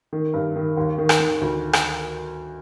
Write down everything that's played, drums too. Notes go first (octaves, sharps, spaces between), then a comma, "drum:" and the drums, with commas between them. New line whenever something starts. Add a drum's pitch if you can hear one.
D#3
G2
D#3
D#2
D#3
drum: rim click
D#3
D2
drum: rim click